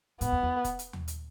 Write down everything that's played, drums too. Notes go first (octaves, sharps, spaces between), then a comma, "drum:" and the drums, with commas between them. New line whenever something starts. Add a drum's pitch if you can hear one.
G#2 B3, drum: hi-hat
F2
E2
drum: kick, hi-hat
drum: hi-hat
drum: tom
drum: hi-hat